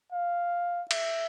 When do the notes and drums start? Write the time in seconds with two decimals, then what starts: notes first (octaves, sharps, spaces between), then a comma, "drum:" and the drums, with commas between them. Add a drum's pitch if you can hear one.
0.12 F5
0.91 E5, drum: cymbal